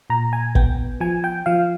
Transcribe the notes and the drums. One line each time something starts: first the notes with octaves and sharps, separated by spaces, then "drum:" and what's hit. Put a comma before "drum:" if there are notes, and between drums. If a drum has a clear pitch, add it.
A#2 A#5
G#5
B3 G5, drum: kick
F3 G#5
G5
F3 F5